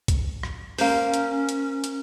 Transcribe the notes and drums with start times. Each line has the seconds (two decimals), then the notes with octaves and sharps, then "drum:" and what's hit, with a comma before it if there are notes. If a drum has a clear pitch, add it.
0.08 drum: kick B1, hi-hat
0.43 drum: rim click
0.78 A#3 C#4 C5, drum: open hi-hat
1.14 drum: hi-hat
1.49 drum: hi-hat
1.84 drum: hi-hat